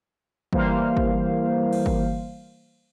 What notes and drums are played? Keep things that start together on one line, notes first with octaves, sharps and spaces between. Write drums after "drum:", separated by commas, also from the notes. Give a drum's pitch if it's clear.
E3 G3 A#3 C5 F5, drum: kick
drum: kick
drum: cymbal
drum: kick